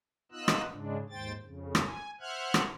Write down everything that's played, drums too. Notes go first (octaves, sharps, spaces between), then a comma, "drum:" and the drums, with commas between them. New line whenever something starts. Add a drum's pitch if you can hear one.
B3 D#4 F4 D#5 E6 F#6
drum: rim click
G#2 C#3 G#3 D4
D#2 G#2 C5 G5 A6
F2 C#3
drum: rim click
G#5
C5 E5 F#5 F6 F#6 G#6
drum: rim click